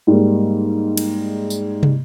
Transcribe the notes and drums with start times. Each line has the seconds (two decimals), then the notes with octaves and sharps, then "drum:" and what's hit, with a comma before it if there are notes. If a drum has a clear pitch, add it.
0.07 G#2 G3 G#3 A#3
0.97 drum: cymbal
1.50 drum: tambourine
1.83 drum: tom